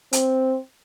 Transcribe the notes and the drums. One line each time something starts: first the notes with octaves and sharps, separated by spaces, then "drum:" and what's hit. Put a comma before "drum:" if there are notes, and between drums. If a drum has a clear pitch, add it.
C4, drum: hi-hat